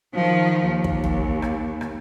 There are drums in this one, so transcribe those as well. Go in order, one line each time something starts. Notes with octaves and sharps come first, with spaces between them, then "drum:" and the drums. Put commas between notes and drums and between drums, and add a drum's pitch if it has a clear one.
D#3 F3
D#2
drum: kick
drum: tom
drum: rim click
drum: rim click